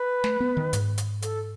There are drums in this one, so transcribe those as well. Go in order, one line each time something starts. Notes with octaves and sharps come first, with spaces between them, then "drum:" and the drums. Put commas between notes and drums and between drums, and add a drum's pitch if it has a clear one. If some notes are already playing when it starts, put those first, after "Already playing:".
Already playing: B4
A3, drum: snare
B3
D#3
G#2, drum: hi-hat
drum: hi-hat
A4, drum: hi-hat